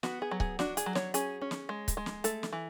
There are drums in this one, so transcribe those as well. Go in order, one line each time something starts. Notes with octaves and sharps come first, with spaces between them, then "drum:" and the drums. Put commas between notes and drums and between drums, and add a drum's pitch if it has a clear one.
B3 F#4, drum: snare
G#4
F#3
G#4, drum: kick C#1
D4 F#4, drum: snare
G#4, drum: hi-hat
F#3
C#5, drum: snare
C#4 G#4, drum: hi-hat
C#4
drum: snare
G#3
drum: kick C#1, hi-hat
G#3
drum: snare
A3 A4, drum: hi-hat
drum: snare
E3